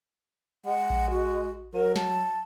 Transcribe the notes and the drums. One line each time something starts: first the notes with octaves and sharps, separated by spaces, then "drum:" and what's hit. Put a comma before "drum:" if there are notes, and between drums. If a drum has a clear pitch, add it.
G#3 F#5
drum: kick A#1
F#4
F#3 A#4
A5, drum: snare